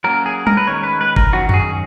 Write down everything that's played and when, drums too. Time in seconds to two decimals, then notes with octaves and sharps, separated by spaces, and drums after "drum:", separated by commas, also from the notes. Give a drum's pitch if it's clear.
0.04 F#3 A#3 C#4 A#4
0.26 G#4
0.47 A#4, drum: tom G3
0.57 B4
0.67 D#3 G#3 C#4 C#5
0.83 B4
1.01 B4
1.16 A#4, drum: kick G1
1.33 D#3 F#3 C#4 F#4
1.49 F#4, drum: tom F2
1.54 G#4